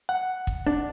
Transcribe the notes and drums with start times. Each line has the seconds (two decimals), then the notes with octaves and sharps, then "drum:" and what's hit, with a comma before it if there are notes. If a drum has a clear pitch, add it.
0.09 F#5
0.47 drum: kick
0.67 D4